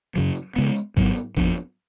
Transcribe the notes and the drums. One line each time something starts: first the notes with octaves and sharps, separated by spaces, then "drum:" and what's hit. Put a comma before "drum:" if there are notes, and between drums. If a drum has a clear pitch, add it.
F#2 C#3 F#3, drum: tambourine
drum: tambourine
C#3 G#3 B3, drum: tambourine
drum: tambourine
G#2 F#3 B3, drum: kick, tambourine
drum: tambourine
F2 F3 B3 D4, drum: kick, tambourine
drum: tambourine